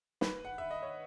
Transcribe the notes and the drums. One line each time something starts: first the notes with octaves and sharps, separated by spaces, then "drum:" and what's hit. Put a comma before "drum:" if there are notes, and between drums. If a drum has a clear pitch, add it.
B4, drum: snare
F#5
E5
D#5
C#5